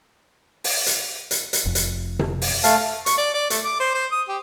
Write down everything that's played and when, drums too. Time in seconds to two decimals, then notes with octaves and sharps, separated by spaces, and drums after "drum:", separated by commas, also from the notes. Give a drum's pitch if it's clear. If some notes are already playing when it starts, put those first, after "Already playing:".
0.64 drum: open hi-hat
0.86 drum: hi-hat
1.31 drum: hi-hat
1.53 drum: hi-hat
1.65 F1 F2
1.75 drum: hi-hat
2.19 drum: tom C3
2.42 drum: open hi-hat
2.64 A3 F5 A5, drum: hi-hat
3.06 C#6, drum: hi-hat
3.18 D5
3.34 D5
3.50 A3, drum: hi-hat
3.64 D6
3.80 C5
3.94 C5
4.12 D#6
4.28 G4